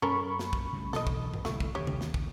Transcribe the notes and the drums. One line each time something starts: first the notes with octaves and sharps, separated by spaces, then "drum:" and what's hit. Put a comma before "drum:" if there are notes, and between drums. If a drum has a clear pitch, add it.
F#2 A#3 C#4 A4 A#4 B5 C#6
drum: snare
drum: kick
C#3 G3 A3
B1 E2 D3 A4 D#5, drum: snare
drum: kick
drum: tom G2
G1 C2 E3 A3, drum: snare
drum: kick
D#2 C#3 G4 C#5
drum: tom C3
drum: snare
drum: kick